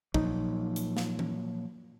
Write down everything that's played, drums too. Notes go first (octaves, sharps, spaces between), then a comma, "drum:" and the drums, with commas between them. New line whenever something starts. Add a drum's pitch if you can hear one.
A#2 F3 F#3 D#4, drum: kick
drum: hi-hat
drum: snare
drum: tom E3